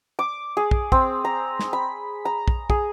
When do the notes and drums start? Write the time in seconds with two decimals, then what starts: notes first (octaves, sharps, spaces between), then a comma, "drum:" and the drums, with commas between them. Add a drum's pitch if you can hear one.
0.19 D6
0.57 G#4
0.71 drum: kick
0.92 C4, drum: kick
1.25 A#5
1.59 drum: snare
1.73 B5
2.25 A#5
2.48 drum: kick
2.70 G#4, drum: kick